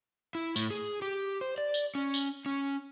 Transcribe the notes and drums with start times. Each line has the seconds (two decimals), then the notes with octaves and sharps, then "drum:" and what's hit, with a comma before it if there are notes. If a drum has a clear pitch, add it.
0.35 E4
0.56 A2, drum: tambourine
0.70 G#4
1.02 G4
1.41 C5
1.58 D5
1.74 drum: tambourine
1.95 C#4
2.14 drum: tambourine
2.46 C#4